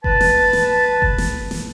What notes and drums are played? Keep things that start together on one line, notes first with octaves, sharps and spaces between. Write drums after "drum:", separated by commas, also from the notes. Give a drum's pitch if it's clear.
B4 A5, drum: kick F#1
drum: snare
drum: snare
drum: kick F#1
drum: snare
drum: snare